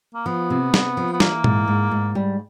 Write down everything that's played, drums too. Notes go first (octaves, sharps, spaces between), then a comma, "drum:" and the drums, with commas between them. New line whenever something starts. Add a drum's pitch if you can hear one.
A#3
F3 B3
C3
C3, drum: snare
F3
B3
E3 A#3, drum: snare
G#2, drum: tom A#2
G#2
G#2
G3